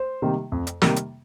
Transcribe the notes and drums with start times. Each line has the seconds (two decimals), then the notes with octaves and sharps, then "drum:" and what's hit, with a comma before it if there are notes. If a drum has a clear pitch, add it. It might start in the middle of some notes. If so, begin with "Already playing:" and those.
Already playing: C5
0.22 C3 D#3 G3 A#3
0.52 F2
0.67 drum: hi-hat
0.82 C3 D#3 G3 A#3, drum: snare
0.96 drum: hi-hat